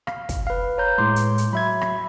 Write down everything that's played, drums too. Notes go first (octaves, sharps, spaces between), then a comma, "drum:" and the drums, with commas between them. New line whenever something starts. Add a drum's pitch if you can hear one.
F5, drum: rim click
drum: kick, hi-hat
B4 F5
C#5 A#5 G6
A2 G#3 C6 D6
drum: hi-hat
drum: hi-hat
F#3 E5 B5 G#6
drum: rim click